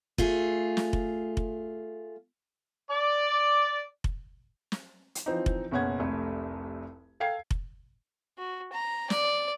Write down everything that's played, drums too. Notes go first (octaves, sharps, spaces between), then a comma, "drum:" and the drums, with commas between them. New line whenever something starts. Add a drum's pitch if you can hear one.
A3 F4 G#4, drum: kick F1
drum: snare
drum: kick F1
drum: kick F1
D5
drum: kick F1
drum: snare
drum: hi-hat
E3 F3 C4 D#4
drum: kick F1
F#1 B2 C#4 F#5 G#6
F1 C2 A3
A4 F5 G5 G#6 C7
drum: kick F1
F#4
A#5
D5, drum: snare